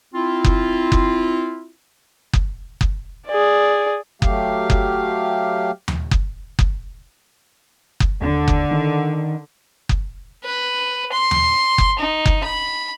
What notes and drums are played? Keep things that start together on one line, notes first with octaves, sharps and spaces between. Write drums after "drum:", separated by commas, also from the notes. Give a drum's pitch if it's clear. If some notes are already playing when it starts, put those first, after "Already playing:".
C4 E4 F4
drum: kick F#1
drum: kick F#1
drum: kick F#1
drum: kick F#1
G#4 D5
F#3 A3 G4 F5, drum: kick F#1
drum: kick F#1
drum: tom D#2
drum: kick F#1
drum: kick F#1
drum: kick F#1
D#2 D3
drum: kick F#1
D#3 C4 D4
drum: kick F#1
B4
C6
drum: tom D#2
drum: kick F#1
D#4
drum: kick F#1
B5